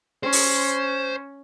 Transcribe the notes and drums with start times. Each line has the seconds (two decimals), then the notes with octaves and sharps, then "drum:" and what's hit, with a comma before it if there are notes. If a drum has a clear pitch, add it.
0.23 C#4 C5
0.32 drum: open hi-hat